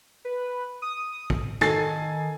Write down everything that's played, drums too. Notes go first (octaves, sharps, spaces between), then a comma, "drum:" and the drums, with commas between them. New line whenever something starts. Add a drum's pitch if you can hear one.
B4
D#6
drum: kick
D#3 A4 G#5 A6 C7, drum: rim click